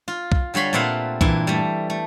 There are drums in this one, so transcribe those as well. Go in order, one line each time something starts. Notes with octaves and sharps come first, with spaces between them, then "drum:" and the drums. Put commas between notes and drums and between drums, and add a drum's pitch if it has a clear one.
F4
drum: kick B1
D3 G3 C#5 B5 C6
A#2 A3 C4 B4 F5 F#5
G2 A#2 E3 E4, drum: kick B1
G3 A3
A3